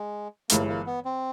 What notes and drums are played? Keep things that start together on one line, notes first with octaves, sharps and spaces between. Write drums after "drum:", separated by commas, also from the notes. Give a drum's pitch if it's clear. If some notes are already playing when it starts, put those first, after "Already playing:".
Already playing: G#3
G1 G2 E3 G#3 A#3, drum: hi-hat
A#3
B3
C4